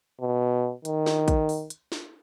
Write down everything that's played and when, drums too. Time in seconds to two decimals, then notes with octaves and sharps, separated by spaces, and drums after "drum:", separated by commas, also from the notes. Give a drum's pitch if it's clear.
0.21 B2
0.85 D#3, drum: hi-hat
1.06 drum: snare
1.28 drum: kick, hi-hat
1.49 drum: open hi-hat
1.70 drum: hi-hat
1.92 drum: snare